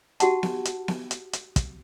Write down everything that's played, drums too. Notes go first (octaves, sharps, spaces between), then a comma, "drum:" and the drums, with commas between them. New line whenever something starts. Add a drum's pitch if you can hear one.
D#4 F#4 G4 F#5 A5, drum: hi-hat
drum: snare B3
drum: hi-hat
drum: snare B3
drum: hi-hat
drum: hi-hat
drum: kick, hi-hat